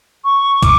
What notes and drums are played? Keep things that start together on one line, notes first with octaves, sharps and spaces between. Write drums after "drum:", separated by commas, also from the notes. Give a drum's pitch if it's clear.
C#6
D6, drum: kick, hi-hat